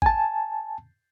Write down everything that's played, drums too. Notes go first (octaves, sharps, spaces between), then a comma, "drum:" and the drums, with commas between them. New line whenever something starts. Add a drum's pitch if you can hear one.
G#5 A5, drum: kick G#1